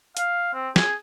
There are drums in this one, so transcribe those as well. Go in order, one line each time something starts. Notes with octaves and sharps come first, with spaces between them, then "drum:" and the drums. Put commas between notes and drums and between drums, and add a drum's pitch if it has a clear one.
F5, drum: hi-hat
C4
G#4, drum: snare